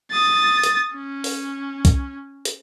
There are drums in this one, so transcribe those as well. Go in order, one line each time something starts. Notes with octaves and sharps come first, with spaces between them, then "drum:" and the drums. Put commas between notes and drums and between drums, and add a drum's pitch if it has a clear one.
D#6 A6
drum: hi-hat
C#4
drum: open hi-hat
drum: kick, hi-hat
drum: hi-hat